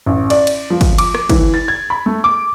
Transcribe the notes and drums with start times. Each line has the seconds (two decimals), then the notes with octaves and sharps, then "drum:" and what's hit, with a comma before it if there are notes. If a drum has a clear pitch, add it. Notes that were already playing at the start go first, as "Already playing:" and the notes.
0.06 A1
0.30 D5, drum: cymbal
0.47 drum: cymbal
0.70 F3
0.81 drum: kick, cymbal
0.98 D6, drum: cymbal
1.15 drum: rim click
1.29 E3, drum: kick, cymbal
1.54 A6
1.68 G#6
1.90 B5
2.06 A3
2.24 D6